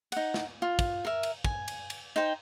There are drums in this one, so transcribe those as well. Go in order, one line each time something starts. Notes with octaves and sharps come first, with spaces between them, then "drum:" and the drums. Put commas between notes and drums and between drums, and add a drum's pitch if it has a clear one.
D#4 F#5, drum: cymbal
drum: snare
F4
drum: kick, cymbal
A#4 E5
drum: cymbal
G#5, drum: kick
drum: cymbal
drum: cymbal
D#4 C5 G5